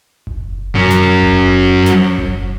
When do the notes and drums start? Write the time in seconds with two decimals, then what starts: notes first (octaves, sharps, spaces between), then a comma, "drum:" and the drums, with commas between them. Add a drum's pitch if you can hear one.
0.27 drum: kick F#1
0.75 F#3 C#4
0.91 drum: snare
1.22 drum: kick F#1
1.86 drum: snare
2.18 drum: kick F#1